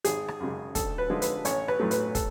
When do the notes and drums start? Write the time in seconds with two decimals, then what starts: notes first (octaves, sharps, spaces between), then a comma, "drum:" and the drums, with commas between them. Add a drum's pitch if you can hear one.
0.05 G#1 G#4, drum: hi-hat
0.28 drum: rim click
0.40 F#2 C#3 G#3
0.75 D2 A4, drum: kick, hi-hat
0.98 B4
1.10 D3 F3 G#3
1.22 B4, drum: hi-hat
1.45 A1 C#5, drum: hi-hat
1.68 B4, drum: rim click
1.80 A2 F#3 A3
1.91 B4, drum: hi-hat
2.15 A4, drum: kick, hi-hat